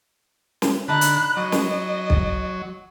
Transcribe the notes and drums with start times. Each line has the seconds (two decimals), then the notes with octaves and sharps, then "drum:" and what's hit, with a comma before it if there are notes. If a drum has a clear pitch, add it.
0.62 drum: snare
0.88 D3 D#4 A5 B5 F#6
1.01 drum: hi-hat
1.37 F#3 D#5
1.52 drum: snare
2.10 drum: kick B1